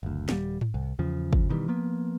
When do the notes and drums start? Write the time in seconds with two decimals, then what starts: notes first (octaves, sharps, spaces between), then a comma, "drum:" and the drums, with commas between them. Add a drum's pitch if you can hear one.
0.03 F#1 D2
0.29 D#1 F#3 G3, drum: snare
0.61 drum: tom G#2
0.74 C2
0.99 E2 C#3 F3
1.33 drum: kick
1.49 B2 D#3 E3 G3
1.68 F3 A#3 B3